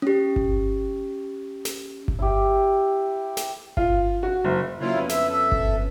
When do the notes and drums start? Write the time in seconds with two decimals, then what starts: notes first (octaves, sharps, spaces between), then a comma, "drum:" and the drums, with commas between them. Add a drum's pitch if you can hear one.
0.02 C#4 G4
0.36 drum: kick G1
1.65 drum: snare
2.08 drum: kick G1
2.19 E4 G4
3.37 drum: snare
3.77 F4, drum: kick G1
4.23 F#4
4.44 F#1
4.80 C#3 F#3 A#3 C#4 E4 F4
4.94 F2 B3 C#4
5.09 E5, drum: snare
5.28 A4 E5
5.52 drum: kick G1